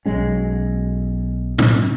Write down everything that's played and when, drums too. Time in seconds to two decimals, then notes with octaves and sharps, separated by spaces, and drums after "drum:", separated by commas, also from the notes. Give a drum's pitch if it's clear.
0.05 B1 F#3 G#3 C#4
1.59 drum: tom